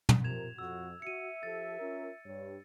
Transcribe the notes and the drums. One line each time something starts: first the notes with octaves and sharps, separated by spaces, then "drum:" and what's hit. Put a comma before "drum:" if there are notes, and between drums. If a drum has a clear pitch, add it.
drum: tom
C3 F3 A#4 G#6 E7 F7
F2 F#4 E6
F#4 E5 C#7 D#7
F3 G4 A4 A6
C#4 F4 A#4
G2 C#5